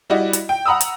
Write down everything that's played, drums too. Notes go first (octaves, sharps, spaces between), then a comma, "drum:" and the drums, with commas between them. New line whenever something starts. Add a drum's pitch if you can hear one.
G3 E4 F#4 D5 D#5
drum: hi-hat
G5
F#5 A#5 B5 D#6 E6
drum: hi-hat